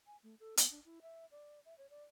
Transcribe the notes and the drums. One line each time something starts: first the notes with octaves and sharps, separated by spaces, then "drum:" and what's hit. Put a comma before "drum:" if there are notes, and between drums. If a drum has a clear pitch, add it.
G#5
A3
A4
B3, drum: hi-hat
D4
E4
E5
D5
E5
C#5
D5